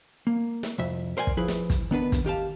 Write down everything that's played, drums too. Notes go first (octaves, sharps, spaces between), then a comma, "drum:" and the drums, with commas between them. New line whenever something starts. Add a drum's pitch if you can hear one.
A#3
drum: snare
C2 F2 E5
A#4 C5 D5 F#5 G#5
drum: kick
F3 E4 G#4 B4
drum: snare
drum: kick, hi-hat
D#3 B3 D4 B4
drum: kick, hi-hat
D#3 G4 F5 A5